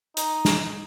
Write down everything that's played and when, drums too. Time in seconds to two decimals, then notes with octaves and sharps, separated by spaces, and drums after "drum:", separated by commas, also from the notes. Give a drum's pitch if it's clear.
0.17 D#4, drum: hi-hat
0.45 drum: snare